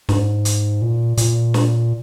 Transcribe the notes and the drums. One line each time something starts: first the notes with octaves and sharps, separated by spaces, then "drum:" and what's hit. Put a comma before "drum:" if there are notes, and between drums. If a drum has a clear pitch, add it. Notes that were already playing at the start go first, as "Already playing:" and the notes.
G#2, drum: snare
drum: hi-hat
A#2
A#2, drum: hi-hat
drum: snare